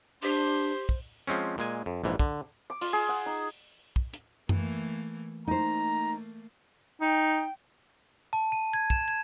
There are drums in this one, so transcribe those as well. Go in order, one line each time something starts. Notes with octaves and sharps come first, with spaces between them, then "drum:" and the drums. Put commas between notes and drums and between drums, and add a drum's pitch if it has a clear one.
D4 G4 C5, drum: open hi-hat
drum: kick
F3 G#3 C4 C#4
A#2 G#3 G#5
F2
A#1 G#2 E3
D3, drum: kick
D6
F4, drum: open hi-hat
G#4
F#5
D#4
drum: kick
drum: hi-hat
E3 A3 A#3, drum: tom F#2
A3 A#3 D#4 C5 A#5
D#4 G5
A5
D#7
G#6
E7, drum: kick
G#6